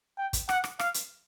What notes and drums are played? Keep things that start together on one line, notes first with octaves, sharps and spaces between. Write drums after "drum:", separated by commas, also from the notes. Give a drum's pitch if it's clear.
G5
drum: kick, hi-hat
F#5, drum: rim click
drum: rim click
F5, drum: rim click
drum: hi-hat